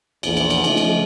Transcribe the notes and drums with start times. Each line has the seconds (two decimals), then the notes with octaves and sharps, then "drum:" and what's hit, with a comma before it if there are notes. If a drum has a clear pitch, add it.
0.23 A#1 E2, drum: cymbal
0.37 drum: cymbal
0.50 drum: cymbal
0.64 C#3 F3 A3 D#4, drum: cymbal
0.77 drum: cymbal